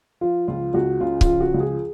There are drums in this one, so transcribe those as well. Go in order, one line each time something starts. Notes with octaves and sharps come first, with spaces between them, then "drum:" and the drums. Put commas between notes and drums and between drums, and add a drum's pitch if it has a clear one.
F3 F4
C#2 F4
C#2 F#4
C#3 F4
F4, drum: kick C#1
F3
F#4
C#2
G#4